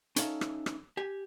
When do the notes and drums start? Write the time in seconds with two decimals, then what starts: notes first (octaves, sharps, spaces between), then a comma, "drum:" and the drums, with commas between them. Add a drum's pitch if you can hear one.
0.16 C#4 D#4 A4 E5 F5, drum: hi-hat
0.41 drum: rim click
0.66 drum: rim click
0.97 G4 G#5